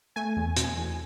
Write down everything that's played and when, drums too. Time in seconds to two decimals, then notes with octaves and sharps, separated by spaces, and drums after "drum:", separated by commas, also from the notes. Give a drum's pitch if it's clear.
0.16 A3 G#5
0.36 E2
0.56 B2, drum: hi-hat
0.77 E2